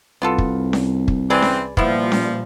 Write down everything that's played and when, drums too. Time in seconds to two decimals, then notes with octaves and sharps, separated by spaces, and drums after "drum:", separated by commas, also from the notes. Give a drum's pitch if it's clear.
0.22 C2 B3 F4 A4
0.38 drum: kick
0.73 drum: snare C#4
1.08 drum: kick
1.30 E3 C4 G#4 B4 D5
1.42 drum: snare C#4
1.77 A#2 F3 G3 B3 E4, drum: kick
2.12 drum: snare C#4